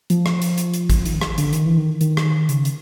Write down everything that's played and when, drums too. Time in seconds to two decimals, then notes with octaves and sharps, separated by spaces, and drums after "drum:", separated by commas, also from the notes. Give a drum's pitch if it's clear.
0.10 F3, drum: hi-hat
0.26 drum: rim click
0.42 drum: hi-hat
0.58 drum: hi-hat
0.74 drum: hi-hat
0.90 drum: kick A1, hi-hat
1.05 D#3, drum: hi-hat
1.21 drum: rim click
1.38 D3, drum: hi-hat
1.53 D#3, drum: hi-hat
1.65 E3
1.77 D#3
2.01 D#3, drum: hi-hat
2.17 drum: rim click
2.49 C#3, drum: hi-hat
2.65 drum: hi-hat